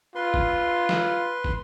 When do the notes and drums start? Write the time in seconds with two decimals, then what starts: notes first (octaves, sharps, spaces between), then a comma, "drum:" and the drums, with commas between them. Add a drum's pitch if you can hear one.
0.15 F4 B4 C6
0.34 drum: kick
0.89 drum: snare
1.44 drum: kick